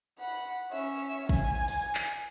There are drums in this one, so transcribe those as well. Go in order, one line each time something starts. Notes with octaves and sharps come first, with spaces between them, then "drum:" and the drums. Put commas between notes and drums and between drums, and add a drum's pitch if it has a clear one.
F#5 B5
C#4 E5
G#5, drum: kick
drum: open hi-hat
drum: clap